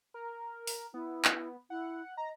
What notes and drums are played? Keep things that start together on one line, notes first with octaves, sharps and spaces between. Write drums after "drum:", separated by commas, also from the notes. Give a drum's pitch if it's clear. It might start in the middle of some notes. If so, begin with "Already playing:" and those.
A#4
drum: open hi-hat
B3 E4
drum: clap
E4 F#5
D#5 A#5